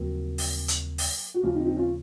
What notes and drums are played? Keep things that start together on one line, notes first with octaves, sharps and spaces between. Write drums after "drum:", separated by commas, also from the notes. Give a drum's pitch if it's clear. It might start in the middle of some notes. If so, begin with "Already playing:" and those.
Already playing: D#2 C#3 F3 F#3 A#3 C4
drum: open hi-hat
drum: hi-hat
drum: open hi-hat
F#4
D#2 C#3 F3 A#3 C#4 F4
C4 D#4
C4 D#4
C#4 F4